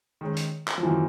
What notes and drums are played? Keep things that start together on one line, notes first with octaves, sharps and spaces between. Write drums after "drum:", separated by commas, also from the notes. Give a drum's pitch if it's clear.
D#3 G#3 C#4
drum: hi-hat
drum: clap
F3
F#2 D#3 E3 F#3 A#3